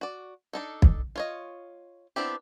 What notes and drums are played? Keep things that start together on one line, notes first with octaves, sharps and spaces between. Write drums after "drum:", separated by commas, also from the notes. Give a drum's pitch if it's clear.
F#4 D5
D4 D#4 A4
drum: kick
F4 C#5 D#5
B3 C4 D4 E4 G4